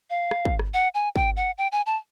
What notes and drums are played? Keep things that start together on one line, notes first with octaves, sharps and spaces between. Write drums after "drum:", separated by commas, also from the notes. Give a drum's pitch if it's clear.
F5
drum: rim click
drum: kick
drum: rim click
F#5
G#5
G5, drum: kick
F#5
G5
G#5
A5